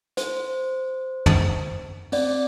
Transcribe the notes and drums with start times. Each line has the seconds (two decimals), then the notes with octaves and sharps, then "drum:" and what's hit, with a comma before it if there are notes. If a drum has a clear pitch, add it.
0.17 C5, drum: hi-hat
1.26 drum: tom
2.12 C4 D5, drum: open hi-hat